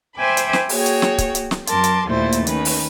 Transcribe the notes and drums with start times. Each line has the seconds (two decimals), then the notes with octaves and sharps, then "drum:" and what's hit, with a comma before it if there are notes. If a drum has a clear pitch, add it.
0.16 C5 E5 G5 G#5 B5 D6
0.37 drum: hi-hat
0.53 drum: snare
0.69 A#3 F#4 G#4 C#5 G5, drum: open hi-hat
0.86 drum: hi-hat
1.02 drum: snare
1.18 drum: kick, hi-hat
1.35 drum: hi-hat
1.51 drum: snare
1.67 F#2 A#4 A5 C6 D6, drum: hi-hat
1.84 drum: hi-hat
2.08 D#2 A#2 A3 E4 C5 A6
2.32 drum: hi-hat
2.47 D#3 C#4 B4, drum: hi-hat
2.65 drum: open hi-hat